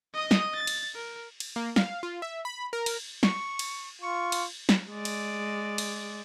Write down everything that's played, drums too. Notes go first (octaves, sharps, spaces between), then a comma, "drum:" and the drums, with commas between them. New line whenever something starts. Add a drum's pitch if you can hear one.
D#5 D#6
drum: snare
A6
drum: cymbal
A#4
drum: cymbal
A#3
F5, drum: snare
F4
E5
B5
A#4
drum: cymbal
C#6, drum: snare
drum: cymbal
F4 C#6
drum: cymbal
drum: snare
G#3 D5
drum: cymbal
drum: cymbal